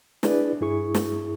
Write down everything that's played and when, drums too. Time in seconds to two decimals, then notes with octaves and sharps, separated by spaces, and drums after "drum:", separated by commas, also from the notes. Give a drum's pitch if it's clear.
0.23 D4 E4 G#4 B4 D5, drum: snare
0.61 G2 E4 G#4 C#6
0.94 drum: snare